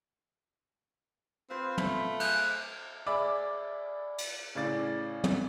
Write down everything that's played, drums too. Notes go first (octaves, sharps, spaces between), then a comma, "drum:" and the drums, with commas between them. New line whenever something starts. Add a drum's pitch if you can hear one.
C4 F4 B4 C5
A3 B5, drum: tom
G#4 D#5 E5 F#6 G6, drum: cymbal
G#4 D5 E5 B5 D6
drum: cymbal
A2 C#3 D5 A6
drum: tom